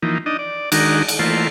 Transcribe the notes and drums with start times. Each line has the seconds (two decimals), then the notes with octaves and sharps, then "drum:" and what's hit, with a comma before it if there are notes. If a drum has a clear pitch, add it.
0.02 E3 F3 A#3 D#4
0.26 D4 D#4 D#5
0.39 D5
0.72 D#3 G#3 D4 D#4 F#4 A#4, drum: cymbal
1.08 drum: cymbal
1.19 E3 A3 A#3 F4 C5